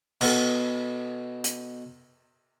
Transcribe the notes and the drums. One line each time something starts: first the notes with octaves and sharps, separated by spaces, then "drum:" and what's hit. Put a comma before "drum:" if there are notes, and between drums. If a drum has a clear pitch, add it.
B2 B3 A4, drum: cymbal
drum: hi-hat